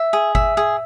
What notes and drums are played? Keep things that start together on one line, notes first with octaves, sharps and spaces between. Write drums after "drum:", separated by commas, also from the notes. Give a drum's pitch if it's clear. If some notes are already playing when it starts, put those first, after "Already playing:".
Already playing: E5
G#4
E5, drum: kick G1
G#4